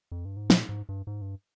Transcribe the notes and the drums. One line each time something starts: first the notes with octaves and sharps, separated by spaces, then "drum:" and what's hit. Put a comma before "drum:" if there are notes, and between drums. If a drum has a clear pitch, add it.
F2
G2
G#2
A#2, drum: snare
G#2
G2
G#2
G2